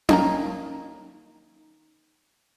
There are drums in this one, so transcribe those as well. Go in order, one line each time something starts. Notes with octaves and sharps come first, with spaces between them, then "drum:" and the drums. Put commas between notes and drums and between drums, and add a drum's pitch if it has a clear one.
D#3 A#3 A#5, drum: tom C#4